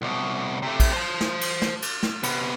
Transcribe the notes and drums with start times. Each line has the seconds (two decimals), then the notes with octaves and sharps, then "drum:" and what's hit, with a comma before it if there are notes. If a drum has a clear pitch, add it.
0.02 C2 B2
0.62 C3 A3
0.80 drum: kick, cymbal
0.93 C5 A5
1.21 drum: snare
1.41 drum: cymbal
1.62 drum: snare
1.82 drum: cymbal
2.03 drum: snare
2.23 C3 B3, drum: cymbal